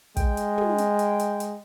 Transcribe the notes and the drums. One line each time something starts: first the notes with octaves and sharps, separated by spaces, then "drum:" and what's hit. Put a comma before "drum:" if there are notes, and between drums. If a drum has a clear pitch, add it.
G#3 G5, drum: kick, hi-hat
drum: hi-hat
drum: tom
drum: hi-hat
drum: hi-hat
drum: hi-hat
drum: hi-hat